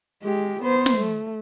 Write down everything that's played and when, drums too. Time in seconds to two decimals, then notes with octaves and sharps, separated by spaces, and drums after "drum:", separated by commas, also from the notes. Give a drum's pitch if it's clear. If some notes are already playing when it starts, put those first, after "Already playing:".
0.23 G#3 G4
0.63 B3 C5
0.86 drum: snare
0.97 A3